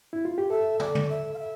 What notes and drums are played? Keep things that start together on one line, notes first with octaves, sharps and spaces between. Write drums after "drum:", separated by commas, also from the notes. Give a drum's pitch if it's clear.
E4
F4
G4
A4 E5
D5, drum: tom
drum: tom
E5
F5
E5